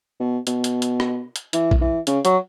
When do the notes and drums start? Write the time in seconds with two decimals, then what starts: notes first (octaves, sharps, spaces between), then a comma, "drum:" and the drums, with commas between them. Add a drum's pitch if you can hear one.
0.20 B2
0.47 B2, drum: hi-hat
0.64 drum: hi-hat
0.82 drum: hi-hat
1.00 drum: rim click
1.36 drum: hi-hat
1.53 E3, drum: hi-hat
1.71 drum: kick B1
1.81 E3
2.07 C#3, drum: hi-hat
2.25 F#3, drum: hi-hat